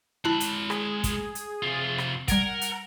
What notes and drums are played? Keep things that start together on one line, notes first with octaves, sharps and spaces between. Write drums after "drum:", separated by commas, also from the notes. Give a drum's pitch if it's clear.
G#3 E4 A5 B5 F#6
drum: hi-hat
G#4, drum: rim click
drum: kick, hi-hat
drum: hi-hat
C3 F4
drum: rim click
G3 A#4 F#5 G#6 D7, drum: kick, hi-hat
drum: hi-hat